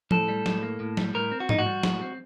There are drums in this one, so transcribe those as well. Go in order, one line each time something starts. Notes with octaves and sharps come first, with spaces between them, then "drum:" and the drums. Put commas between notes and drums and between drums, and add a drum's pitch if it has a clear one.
A2 A4, drum: tom F3
G3
A2, drum: snare
A#3
A2
G3, drum: snare
A2 A#4
C4
F#4
A2 D#4, drum: tom G#2
F#4
G3
A2, drum: snare
C4